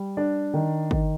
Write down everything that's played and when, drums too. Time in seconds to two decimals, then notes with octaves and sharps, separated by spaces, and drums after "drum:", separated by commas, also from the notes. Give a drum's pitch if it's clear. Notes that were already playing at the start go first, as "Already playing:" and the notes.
Already playing: G3
0.17 D4
0.54 D#3
0.91 D#3, drum: kick